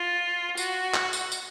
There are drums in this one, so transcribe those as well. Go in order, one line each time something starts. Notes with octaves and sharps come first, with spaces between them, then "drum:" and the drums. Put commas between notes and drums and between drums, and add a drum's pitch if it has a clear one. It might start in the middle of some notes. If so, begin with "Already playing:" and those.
Already playing: F4
F#4, drum: tambourine
drum: clap
drum: tambourine
drum: tambourine